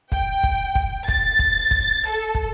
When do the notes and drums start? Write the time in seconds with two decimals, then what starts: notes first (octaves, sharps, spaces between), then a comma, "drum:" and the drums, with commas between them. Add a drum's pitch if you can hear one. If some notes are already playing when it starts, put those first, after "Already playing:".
0.12 G5, drum: kick
0.44 drum: kick
0.75 drum: kick
1.08 A6, drum: kick
1.39 drum: kick
1.71 drum: kick
2.08 A4
2.35 drum: kick